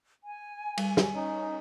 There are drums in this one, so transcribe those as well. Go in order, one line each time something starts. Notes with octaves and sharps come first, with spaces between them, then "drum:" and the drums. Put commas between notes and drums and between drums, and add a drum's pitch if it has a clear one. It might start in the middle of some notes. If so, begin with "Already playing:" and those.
G#5
G3, drum: cymbal
drum: snare
C#4 D#4